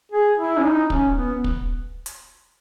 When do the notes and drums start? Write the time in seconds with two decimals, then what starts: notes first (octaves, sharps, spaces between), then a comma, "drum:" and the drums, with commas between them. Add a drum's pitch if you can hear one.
0.12 G#4
0.38 E4
0.57 C#4
0.64 D#4
0.90 C#4, drum: kick
1.15 B3
1.44 drum: kick
2.06 drum: hi-hat